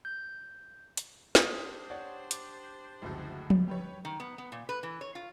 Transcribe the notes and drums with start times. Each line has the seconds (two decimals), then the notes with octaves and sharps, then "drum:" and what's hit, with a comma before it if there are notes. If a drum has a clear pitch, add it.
0.05 G6
0.97 drum: hi-hat
1.35 D4 G4 C5 D#6 A#6 B6, drum: snare
1.90 C#5 D5 F#5
2.31 D6, drum: hi-hat
3.02 F#1 D2 A2 F3 G#3 F#4
3.50 drum: tom F3
3.68 G4 B4 C#5
4.05 D#3
4.20 B3
4.38 B3
4.52 A#2
4.69 B4
4.83 E3
5.01 C#5
5.15 F4